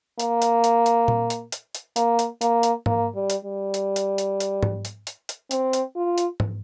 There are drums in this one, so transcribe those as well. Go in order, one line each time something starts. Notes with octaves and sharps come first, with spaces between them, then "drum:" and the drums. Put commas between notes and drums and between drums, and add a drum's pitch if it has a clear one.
A#3, drum: hi-hat
drum: hi-hat
drum: hi-hat
drum: hi-hat
drum: tom A#2
drum: hi-hat
drum: hi-hat
drum: hi-hat
A#3, drum: hi-hat
drum: hi-hat
A#3, drum: hi-hat
drum: hi-hat
A#3, drum: tom G#2
G3
drum: hi-hat
G3
drum: hi-hat
drum: hi-hat
drum: hi-hat
drum: hi-hat
drum: tom G#2
drum: hi-hat
drum: hi-hat
drum: hi-hat
C4, drum: hi-hat
drum: hi-hat
F4
drum: hi-hat
drum: tom G#2